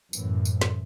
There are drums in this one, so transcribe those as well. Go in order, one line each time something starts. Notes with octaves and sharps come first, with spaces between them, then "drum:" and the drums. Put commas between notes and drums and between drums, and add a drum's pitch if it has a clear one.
F#2 A2 E3, drum: tambourine
drum: tambourine
drum: snare